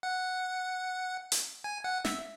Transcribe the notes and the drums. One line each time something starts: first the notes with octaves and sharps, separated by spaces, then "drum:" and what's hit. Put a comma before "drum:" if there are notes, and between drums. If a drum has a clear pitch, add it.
F#5
drum: hi-hat
G#5
F#5
E5, drum: snare